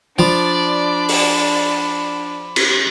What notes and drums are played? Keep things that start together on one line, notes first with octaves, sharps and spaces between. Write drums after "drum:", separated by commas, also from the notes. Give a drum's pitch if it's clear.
F3 D4 D5 B5
drum: open hi-hat
drum: cymbal